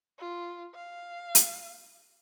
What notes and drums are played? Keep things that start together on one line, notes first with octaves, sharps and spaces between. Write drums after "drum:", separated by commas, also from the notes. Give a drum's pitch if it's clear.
F4
F5
drum: hi-hat